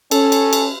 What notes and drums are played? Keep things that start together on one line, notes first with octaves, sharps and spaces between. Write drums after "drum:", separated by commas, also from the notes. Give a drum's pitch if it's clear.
C#4 A4, drum: cymbal
drum: cymbal
drum: cymbal